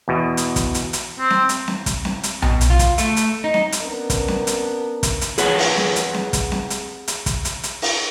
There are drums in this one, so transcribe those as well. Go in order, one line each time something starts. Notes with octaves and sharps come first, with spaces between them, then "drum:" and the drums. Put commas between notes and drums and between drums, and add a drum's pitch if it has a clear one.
E2 B2
drum: hi-hat
drum: kick, hi-hat
drum: hi-hat
drum: hi-hat
C4
drum: snare C4
drum: hi-hat
drum: snare C4
drum: kick, hi-hat
drum: snare C4
drum: hi-hat
B2, drum: tom B1
drum: hi-hat
F4
drum: kick, hi-hat
A3, drum: hi-hat
drum: hi-hat
D#4
drum: snare C4
drum: hi-hat
B3 C#4 D4 A#4
drum: kick, hi-hat
drum: snare C4
drum: hi-hat
drum: kick, hi-hat
drum: hi-hat
G#4 B4 C#5 F#5, drum: hi-hat
drum: open hi-hat
drum: snare C4
drum: hi-hat
drum: snare C4
drum: kick, hi-hat
drum: snare C4
drum: hi-hat
drum: hi-hat
drum: kick, hi-hat
drum: hi-hat
drum: hi-hat
drum: open hi-hat